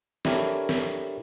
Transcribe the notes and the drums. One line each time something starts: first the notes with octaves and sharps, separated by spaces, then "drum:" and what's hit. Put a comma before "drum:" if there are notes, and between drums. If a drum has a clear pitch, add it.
D4 E4 G4 A4 A#4 C#5, drum: snare
drum: snare
drum: hi-hat